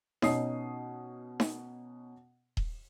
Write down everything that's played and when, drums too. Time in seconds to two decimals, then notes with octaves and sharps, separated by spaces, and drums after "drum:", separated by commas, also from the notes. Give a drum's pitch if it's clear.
0.22 B2 C#4 D#4 D#6 C7, drum: snare D#4
1.40 drum: snare D#4
2.57 drum: kick D#1